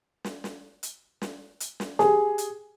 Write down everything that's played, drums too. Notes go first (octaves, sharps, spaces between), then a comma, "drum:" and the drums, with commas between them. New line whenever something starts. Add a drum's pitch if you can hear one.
drum: snare
drum: snare
drum: hi-hat
drum: snare
drum: hi-hat
drum: snare
G4 G#4, drum: snare
drum: hi-hat